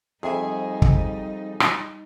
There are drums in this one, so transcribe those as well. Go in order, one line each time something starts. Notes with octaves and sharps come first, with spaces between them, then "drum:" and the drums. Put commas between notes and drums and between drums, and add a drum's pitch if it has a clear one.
F2 G3 D#4 G#4 E5 G#5
drum: kick
drum: rim click